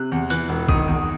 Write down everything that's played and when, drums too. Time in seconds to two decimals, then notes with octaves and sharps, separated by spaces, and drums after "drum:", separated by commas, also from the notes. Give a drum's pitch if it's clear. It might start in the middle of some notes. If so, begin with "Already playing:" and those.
Already playing: C3 F#6
0.12 E2
0.30 E3 F#6, drum: hi-hat
0.49 E1
0.68 D#3 D#6, drum: kick
0.88 E2